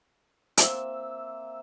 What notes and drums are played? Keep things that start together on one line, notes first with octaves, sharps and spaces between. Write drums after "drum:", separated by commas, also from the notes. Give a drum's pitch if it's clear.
A#3 C4 E5, drum: hi-hat